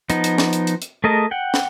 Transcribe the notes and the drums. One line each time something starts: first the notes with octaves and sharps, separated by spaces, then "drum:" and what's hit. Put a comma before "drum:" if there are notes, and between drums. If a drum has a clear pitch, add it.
F3 B3 D#4, drum: hi-hat
drum: hi-hat
drum: snare
drum: hi-hat
drum: hi-hat
drum: hi-hat
A3 G#4 A#4 D#5 A5
F#5 G5
drum: snare